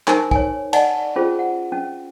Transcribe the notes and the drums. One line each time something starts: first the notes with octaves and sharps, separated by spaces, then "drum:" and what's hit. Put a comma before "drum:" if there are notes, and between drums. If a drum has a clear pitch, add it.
D#4 A#4 C5 G#5 C#6, drum: clap
C#5 G#5, drum: kick
D5 D#5 F#5 G#5 A5, drum: cymbal
C#4 F4 G#4 C5
F#5
C#4